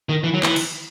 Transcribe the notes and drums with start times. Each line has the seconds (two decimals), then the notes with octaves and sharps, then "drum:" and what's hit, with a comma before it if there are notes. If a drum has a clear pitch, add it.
0.09 D#3
0.24 E3
0.34 F#3
0.43 E3, drum: clap
0.56 drum: cymbal